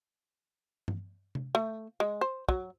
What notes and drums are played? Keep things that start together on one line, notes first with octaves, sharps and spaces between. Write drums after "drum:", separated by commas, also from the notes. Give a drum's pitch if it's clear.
drum: tom G2
drum: tom C3
A3
G#3
C5
F#3, drum: kick